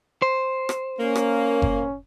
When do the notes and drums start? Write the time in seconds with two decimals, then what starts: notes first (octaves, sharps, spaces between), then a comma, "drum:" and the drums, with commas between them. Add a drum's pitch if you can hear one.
0.22 C5
0.69 drum: rim click
0.99 A#3 C#4
1.16 drum: rim click
1.62 drum: kick F#1